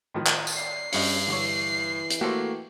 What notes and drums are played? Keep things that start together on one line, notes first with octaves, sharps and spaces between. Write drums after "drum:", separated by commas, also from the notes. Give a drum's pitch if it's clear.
A2 D#3 F3
drum: clap
drum: tambourine
D5 C7
G2 C#4 F4 D#5 C#7, drum: open hi-hat
D3 E3 C#5
drum: hi-hat
A3 A#3 F#4 G4 A4 C5